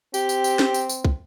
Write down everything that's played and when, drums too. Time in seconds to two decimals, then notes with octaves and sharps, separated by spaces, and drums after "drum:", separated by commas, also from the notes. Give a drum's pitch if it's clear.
0.14 C4 G4, drum: tambourine
0.29 drum: tambourine
0.44 drum: tambourine
0.59 drum: snare
0.74 drum: tambourine
0.89 drum: tambourine
1.05 drum: kick